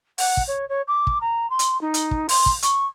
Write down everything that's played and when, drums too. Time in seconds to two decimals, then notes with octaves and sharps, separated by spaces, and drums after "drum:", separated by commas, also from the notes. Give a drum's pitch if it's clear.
0.18 F#5, drum: open hi-hat
0.37 drum: kick
0.47 C#5
0.69 C#5
0.87 D6
1.07 drum: kick
1.20 A#5
1.49 C6
1.59 drum: hi-hat
1.81 D#4
1.94 drum: hi-hat
2.11 drum: kick
2.29 C6, drum: open hi-hat
2.46 drum: kick
2.62 C#6, drum: hi-hat